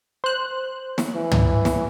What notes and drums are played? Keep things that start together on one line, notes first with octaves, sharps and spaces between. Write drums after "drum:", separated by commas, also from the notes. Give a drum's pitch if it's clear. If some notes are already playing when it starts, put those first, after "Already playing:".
C5 F#6
drum: snare
E3
drum: tom
drum: snare